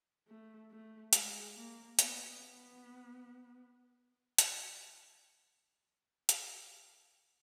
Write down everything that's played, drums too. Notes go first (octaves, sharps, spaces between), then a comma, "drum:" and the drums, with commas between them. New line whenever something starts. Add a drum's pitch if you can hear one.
A3
A3
G#3, drum: hi-hat
A#3
B3, drum: hi-hat
B3
drum: hi-hat
drum: hi-hat